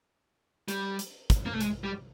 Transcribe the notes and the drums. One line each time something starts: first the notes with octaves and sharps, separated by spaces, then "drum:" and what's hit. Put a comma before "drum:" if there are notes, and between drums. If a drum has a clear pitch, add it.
G3, drum: hi-hat
drum: hi-hat
drum: kick, hi-hat
A#3
A3
G#3, drum: hi-hat
G3